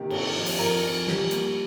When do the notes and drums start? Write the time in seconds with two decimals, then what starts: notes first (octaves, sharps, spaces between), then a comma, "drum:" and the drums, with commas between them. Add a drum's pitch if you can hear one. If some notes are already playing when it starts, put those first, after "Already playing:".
Already playing: C3 D#3 A#3 G4
0.10 C3, drum: cymbal
0.35 F2
0.46 drum: open hi-hat
0.59 F2 A#4
0.83 F2
1.08 G3, drum: snare
1.31 A#3, drum: hi-hat